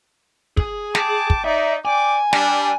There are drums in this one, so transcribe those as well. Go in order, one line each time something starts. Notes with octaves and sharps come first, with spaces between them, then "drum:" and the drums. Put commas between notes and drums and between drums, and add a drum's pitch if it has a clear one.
G#4, drum: kick
G5 A5 D6, drum: snare
drum: kick
D#4 D5 E5
D5 G5 G#5 D6
G3 D4, drum: snare